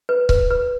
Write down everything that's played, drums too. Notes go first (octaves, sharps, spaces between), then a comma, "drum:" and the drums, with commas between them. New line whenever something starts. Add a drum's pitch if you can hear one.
B4
B4, drum: kick C#1
B4